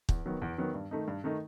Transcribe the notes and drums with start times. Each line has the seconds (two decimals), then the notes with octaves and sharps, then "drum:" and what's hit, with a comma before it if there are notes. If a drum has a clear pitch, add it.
0.09 E2, drum: kick
0.26 D#3 F#3 B3
0.42 E2
0.58 D#3 F#3 B3
0.74 G2
0.91 D#3 A3 D#4
1.08 G2
1.24 D#3 A3 D#4